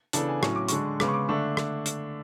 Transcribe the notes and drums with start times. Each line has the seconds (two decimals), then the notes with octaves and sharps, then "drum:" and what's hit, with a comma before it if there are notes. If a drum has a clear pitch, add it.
0.13 C#3 E3 B3 D4 A4, drum: hi-hat
0.29 G#5
0.43 A2 F#3 C#4 C#6, drum: rim click
0.56 D6
0.68 D3 G#3 D4 C#6, drum: hi-hat
1.00 C#3 G#3 B3 D6, drum: rim click
1.08 C#6
1.14 D6
1.28 D3 A3 D4 C#6
1.57 drum: rim click
1.86 drum: hi-hat